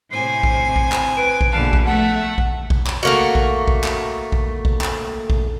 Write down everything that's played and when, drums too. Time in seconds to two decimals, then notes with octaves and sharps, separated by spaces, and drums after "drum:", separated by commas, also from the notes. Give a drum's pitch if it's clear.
0.11 A2 C3 C5 G#5 C7
0.43 drum: kick A#1
0.76 drum: kick A#1
0.92 drum: clap
1.17 B4 D7
1.41 drum: kick A#1
1.52 A#1 B2 D3 F5 A5 F#6
1.73 drum: kick A#1
1.86 A3 E5 F#5 A5
2.38 drum: kick A#1
2.70 drum: kick A#1
2.87 drum: clap
3.03 A3 A#3 F#4
3.35 drum: kick A#1
3.68 drum: kick A#1
3.84 drum: clap
4.32 drum: kick A#1
4.65 drum: kick A#1
4.81 drum: clap
5.30 drum: kick A#1